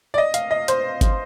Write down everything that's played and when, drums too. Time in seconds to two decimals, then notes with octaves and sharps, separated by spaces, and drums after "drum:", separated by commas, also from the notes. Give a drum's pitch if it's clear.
0.14 D5
0.18 D#5
0.34 F5, drum: hi-hat
0.51 D#5
0.68 C5, drum: hi-hat
1.01 drum: kick G1, hi-hat